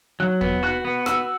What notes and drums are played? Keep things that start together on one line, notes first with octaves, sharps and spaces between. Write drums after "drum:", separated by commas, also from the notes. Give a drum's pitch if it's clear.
F#3 F#6
B3, drum: kick
F#4 F#6
B3
F#4 E6, drum: rim click